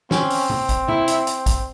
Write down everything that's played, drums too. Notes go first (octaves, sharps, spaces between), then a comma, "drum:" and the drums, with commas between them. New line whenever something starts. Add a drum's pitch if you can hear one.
C4 C#4, drum: snare
drum: open hi-hat
drum: tom C3
drum: kick A1, hi-hat
E4, drum: tom C3
drum: hi-hat
drum: hi-hat
drum: kick A1, hi-hat